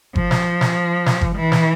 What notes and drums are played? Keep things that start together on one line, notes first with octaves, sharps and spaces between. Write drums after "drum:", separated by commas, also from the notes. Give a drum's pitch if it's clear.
F3, drum: kick G1
drum: snare
drum: snare
drum: snare
drum: kick G1
E3
drum: snare